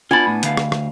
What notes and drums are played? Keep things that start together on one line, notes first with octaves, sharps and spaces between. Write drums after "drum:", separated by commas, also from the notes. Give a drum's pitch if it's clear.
B3 D4 F4 G#5 B5 G#6 A6
A2
D2 F5, drum: hi-hat
drum: rim click
drum: rim click